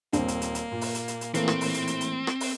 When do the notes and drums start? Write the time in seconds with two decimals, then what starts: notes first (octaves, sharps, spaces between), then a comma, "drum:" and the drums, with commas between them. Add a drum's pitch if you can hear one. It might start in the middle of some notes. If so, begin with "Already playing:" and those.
0.13 D#1 A#3 C4, drum: hi-hat
0.28 drum: hi-hat
0.42 drum: hi-hat
0.55 drum: hi-hat
0.71 A#2
0.81 drum: open hi-hat
0.95 drum: hi-hat
1.08 drum: hi-hat
1.21 drum: hi-hat
1.34 A2 E3 A3 A#3 C4, drum: hi-hat
1.48 drum: rim click
1.61 drum: open hi-hat
1.74 drum: hi-hat
1.87 drum: hi-hat
2.01 drum: hi-hat
2.27 drum: rim click
2.40 drum: open hi-hat